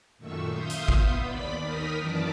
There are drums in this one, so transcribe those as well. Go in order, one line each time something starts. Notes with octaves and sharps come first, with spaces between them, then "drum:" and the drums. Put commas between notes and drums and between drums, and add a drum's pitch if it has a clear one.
F#2 A#2 D#3 A3 C#6 E6
E5 F5 C6 D#6 G6
drum: hi-hat
B3, drum: kick
D#2 D5 B5 B6
D#2 D#4 A#4 D#6 F6 B6
F#2 E3 D5 A5 D6